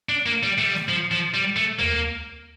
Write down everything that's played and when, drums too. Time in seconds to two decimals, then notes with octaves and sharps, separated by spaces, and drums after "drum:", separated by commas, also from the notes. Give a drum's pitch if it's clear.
0.09 D4
0.26 A#3
0.43 G3
0.58 A3
0.66 G3
0.75 drum: snare A3
0.89 F3
1.11 F3
1.34 G3
1.56 A3
1.79 A#3, drum: tom D#2